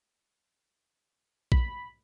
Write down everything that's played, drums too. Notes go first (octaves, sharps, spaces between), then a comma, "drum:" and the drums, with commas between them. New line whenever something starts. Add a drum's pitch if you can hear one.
B5, drum: kick